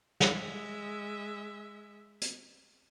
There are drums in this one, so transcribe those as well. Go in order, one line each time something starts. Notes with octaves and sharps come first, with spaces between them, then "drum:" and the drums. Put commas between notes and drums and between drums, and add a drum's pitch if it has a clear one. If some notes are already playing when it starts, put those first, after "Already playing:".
G#3 E5, drum: snare
drum: hi-hat